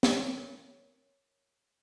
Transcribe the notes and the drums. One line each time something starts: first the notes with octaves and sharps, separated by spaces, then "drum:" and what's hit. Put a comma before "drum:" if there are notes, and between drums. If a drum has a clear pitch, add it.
A#4 C#5, drum: snare